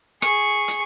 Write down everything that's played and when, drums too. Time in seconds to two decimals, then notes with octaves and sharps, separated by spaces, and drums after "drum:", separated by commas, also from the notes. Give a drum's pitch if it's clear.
0.22 G#4 C#6, drum: rim click
0.68 drum: hi-hat